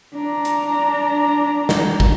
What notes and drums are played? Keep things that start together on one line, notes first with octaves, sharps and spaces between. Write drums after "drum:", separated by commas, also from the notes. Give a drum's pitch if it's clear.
D4 A#5
drum: hi-hat
drum: snare
drum: kick